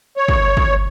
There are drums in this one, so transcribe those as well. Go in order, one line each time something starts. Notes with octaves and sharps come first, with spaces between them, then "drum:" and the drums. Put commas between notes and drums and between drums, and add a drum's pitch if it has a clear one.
C#5
drum: kick
drum: kick